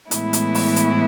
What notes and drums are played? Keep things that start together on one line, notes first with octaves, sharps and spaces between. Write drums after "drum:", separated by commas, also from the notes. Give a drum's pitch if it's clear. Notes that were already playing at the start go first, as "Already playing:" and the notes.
A2 E3 G#3 B3 E4, drum: hi-hat
drum: hi-hat
drum: open hi-hat
drum: hi-hat